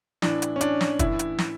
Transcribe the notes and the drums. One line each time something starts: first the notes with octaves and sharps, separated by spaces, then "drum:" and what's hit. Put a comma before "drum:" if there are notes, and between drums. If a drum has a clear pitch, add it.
A2 E3 D4, drum: snare
drum: hi-hat
C#4
D4, drum: hi-hat
drum: snare
A2 E3 E4, drum: kick, hi-hat
drum: hi-hat
drum: snare